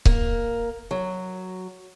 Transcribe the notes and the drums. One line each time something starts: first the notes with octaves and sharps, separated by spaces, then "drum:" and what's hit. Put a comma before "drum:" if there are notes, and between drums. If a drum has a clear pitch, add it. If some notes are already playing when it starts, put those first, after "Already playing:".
A#3, drum: kick C#1
F#3